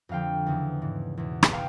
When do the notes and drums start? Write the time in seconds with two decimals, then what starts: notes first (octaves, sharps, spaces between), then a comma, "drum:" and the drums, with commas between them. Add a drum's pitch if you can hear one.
0.09 F2 D3 F3 F5 G5
0.46 E2 C#3 E3
0.82 G#2 E3
1.17 E2 B2
1.43 drum: rim click
1.53 F5 G5